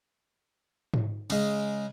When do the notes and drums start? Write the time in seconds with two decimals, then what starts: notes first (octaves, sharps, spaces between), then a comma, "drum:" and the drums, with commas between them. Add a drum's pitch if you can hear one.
0.94 drum: tom G#2
1.30 C#3 G#3, drum: cymbal